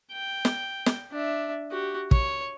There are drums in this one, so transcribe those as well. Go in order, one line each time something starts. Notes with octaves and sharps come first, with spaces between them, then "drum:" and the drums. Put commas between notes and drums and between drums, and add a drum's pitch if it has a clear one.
G5
drum: snare
drum: snare
D4 E5
F#4 G4
C#5, drum: kick